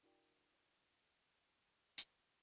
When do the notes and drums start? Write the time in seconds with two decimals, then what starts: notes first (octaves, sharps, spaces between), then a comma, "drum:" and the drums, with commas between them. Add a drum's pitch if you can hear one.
0.03 D4 E4 F#4 A#4 D5 G5
1.98 drum: hi-hat